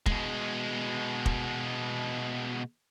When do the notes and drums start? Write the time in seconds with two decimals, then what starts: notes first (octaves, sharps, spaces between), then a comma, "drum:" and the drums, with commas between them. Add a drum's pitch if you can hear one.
0.06 B2 G#3, drum: kick
1.26 drum: kick